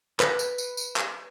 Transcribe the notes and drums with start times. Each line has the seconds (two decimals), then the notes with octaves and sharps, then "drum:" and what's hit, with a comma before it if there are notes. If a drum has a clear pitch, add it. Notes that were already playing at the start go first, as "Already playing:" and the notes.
0.20 B4, drum: clap
0.39 drum: tambourine
0.58 drum: tambourine
0.77 drum: tambourine
0.96 drum: clap